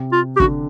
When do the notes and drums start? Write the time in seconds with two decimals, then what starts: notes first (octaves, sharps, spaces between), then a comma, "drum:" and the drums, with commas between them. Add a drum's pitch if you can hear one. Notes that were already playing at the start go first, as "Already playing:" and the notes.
Already playing: C3
0.12 F4
0.36 G4
0.40 D3 F#4, drum: kick